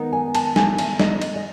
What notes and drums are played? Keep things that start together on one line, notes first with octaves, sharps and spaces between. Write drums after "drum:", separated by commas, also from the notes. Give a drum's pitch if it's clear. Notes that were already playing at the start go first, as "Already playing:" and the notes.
Already playing: D#3 G#3 B3 D#4
G#5
A5, drum: cymbal
G#5, drum: snare
E5, drum: cymbal
D#5, drum: snare
drum: cymbal
D#5